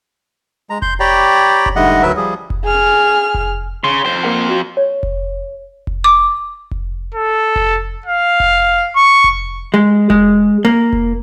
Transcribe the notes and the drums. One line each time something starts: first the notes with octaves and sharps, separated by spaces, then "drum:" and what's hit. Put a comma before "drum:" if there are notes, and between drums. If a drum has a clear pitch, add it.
G#3 A#5
C6 G6, drum: kick F1
G4 C#5 D5 G5 A#5 B5
drum: kick F1
G#2 D3 G3 A3 D#5 F#5
D2 F#3 A#4 B4 E5
F3 G3 G#4
drum: kick F1
G#4 F6
drum: kick F1
C#3 C6
F2 C5
A#3 A#4 F#5
F#4
C#5
drum: kick F1
drum: kick F1
D6
drum: kick F1
A4
drum: kick F1
F5
drum: kick F1
C#6
drum: kick F1
G#3
G#3, drum: kick F1
A#3
drum: kick F1